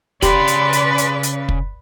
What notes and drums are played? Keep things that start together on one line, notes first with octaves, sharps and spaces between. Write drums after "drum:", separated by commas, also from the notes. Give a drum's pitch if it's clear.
C#3 G4 B4 D5 B5 C6, drum: kick, hi-hat
drum: hi-hat
drum: hi-hat
drum: hi-hat
drum: hi-hat
drum: kick